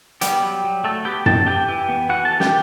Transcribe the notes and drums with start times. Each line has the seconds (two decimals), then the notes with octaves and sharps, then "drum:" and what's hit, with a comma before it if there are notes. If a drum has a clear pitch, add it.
0.21 G3 B3 G4, drum: hi-hat
0.43 F#3
0.64 F#3
0.84 F#3 A3 A4
1.05 B3 G4 G5
1.26 F#3 A4 A5, drum: tom F#2
1.47 E3 G4 G5
1.68 E3
1.89 B3
2.09 E3 F#4 F#5
2.25 E3 A4 A5
2.40 G4 G5, drum: snare